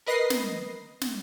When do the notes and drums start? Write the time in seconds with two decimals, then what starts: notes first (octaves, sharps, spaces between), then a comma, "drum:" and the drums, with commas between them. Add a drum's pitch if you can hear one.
0.06 A#4 B4 D#5 A#6 C7
0.30 drum: snare
1.01 drum: snare